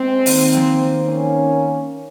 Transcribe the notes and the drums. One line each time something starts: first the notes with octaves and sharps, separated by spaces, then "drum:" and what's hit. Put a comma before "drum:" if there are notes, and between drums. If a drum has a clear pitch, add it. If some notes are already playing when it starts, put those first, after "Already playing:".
Already playing: G#3 C4
D#3 A#3, drum: open hi-hat
drum: snare
C#4